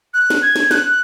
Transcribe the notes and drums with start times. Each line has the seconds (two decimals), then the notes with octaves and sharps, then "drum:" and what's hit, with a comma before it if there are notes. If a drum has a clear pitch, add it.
0.14 F#6
0.30 drum: snare
0.42 G#6
0.56 drum: snare
0.71 F#6, drum: snare